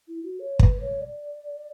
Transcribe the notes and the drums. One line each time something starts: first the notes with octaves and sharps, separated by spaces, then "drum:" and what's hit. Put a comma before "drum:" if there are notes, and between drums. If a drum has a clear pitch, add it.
E4
F#4
C#5
B4, drum: kick
C#5
D5